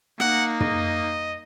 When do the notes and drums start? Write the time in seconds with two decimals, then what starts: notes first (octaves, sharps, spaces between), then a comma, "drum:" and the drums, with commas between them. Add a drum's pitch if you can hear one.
0.20 A#3 D#4 F#5, drum: rim click
0.60 D#5, drum: tom